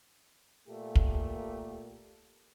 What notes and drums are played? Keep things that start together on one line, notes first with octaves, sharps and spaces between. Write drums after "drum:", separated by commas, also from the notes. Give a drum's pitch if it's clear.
A#2 A3 A#3 G4
drum: kick